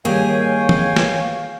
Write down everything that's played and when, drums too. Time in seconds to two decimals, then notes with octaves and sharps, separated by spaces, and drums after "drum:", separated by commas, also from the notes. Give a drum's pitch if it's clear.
0.05 D#2 G3 A#3 G#4 C#5 F5 G5 G#5
0.69 drum: tom E3
0.96 drum: snare